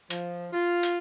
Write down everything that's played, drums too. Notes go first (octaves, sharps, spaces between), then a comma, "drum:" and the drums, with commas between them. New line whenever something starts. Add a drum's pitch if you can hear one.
F3, drum: hi-hat
F4
drum: hi-hat